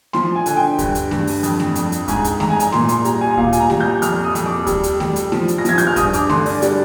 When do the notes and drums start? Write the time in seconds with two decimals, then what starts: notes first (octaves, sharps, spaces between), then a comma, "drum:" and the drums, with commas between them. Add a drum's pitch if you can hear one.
0.13 F3 C6, drum: snare A3
0.35 G#5
0.46 D3 G#5, drum: hi-hat
0.57 G5
0.78 G2, drum: kick D2, hi-hat
0.95 drum: hi-hat
1.11 G2, drum: snare A3
1.27 drum: open hi-hat
1.43 F2, drum: hi-hat
1.60 drum: snare A3
1.75 F2, drum: hi-hat
1.92 drum: hi-hat
2.08 G#2 G#5, drum: kick D2, hi-hat
2.24 drum: hi-hat
2.40 G#2 A#5, drum: snare A3
2.50 G#5
2.60 A#5, drum: hi-hat
2.72 A#2 C6, drum: snare A3
2.89 C6, drum: hi-hat
3.05 G3 A#5, drum: hi-hat
3.21 G#5
3.37 A#2 F5, drum: kick D2
3.53 G#5, drum: hi-hat
3.60 A#5
3.70 G3, drum: snare A3
3.80 G6
4.02 F2 F6, drum: hi-hat
4.24 D#6
4.35 F2, drum: hi-hat
4.46 D6
4.67 G3, drum: kick D2, hi-hat
4.83 drum: hi-hat
5.00 G3, drum: snare A3
5.16 drum: hi-hat
5.32 F3, drum: snare A3
5.48 drum: hi-hat
5.58 A#6
5.65 F3 G#6, drum: hi-hat
5.78 G6, drum: hi-hat
5.87 F6
5.96 G2 D#6, drum: kick D2, hi-hat
6.13 D6, drum: hi-hat
6.29 D3 C6, drum: snare A3
6.46 D5, drum: open hi-hat
6.62 G3 D5, drum: hi-hat